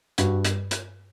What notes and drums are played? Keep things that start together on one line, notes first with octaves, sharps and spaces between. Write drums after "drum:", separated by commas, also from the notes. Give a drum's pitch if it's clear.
G2 F#4, drum: hi-hat
drum: hi-hat
drum: hi-hat